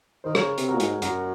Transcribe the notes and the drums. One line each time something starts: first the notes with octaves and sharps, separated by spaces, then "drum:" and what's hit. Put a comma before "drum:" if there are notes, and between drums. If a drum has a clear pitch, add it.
D#3 C5
C#3 A#4 C#5, drum: rim click
C3, drum: hi-hat
F#4 A#4
A#2
G#2, drum: hi-hat
F#2 F#4 A#4, drum: hi-hat